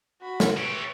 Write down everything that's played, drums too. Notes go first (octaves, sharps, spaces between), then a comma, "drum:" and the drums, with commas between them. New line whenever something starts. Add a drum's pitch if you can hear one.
F#4 B5
drum: snare
A3 G4 B4 C#5